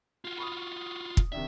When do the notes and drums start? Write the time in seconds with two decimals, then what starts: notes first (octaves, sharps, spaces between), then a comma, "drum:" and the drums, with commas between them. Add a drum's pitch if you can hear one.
0.25 F4 F#4
0.38 B5 C#6 D#6
1.17 drum: kick
1.32 C3 D#3 D4 E5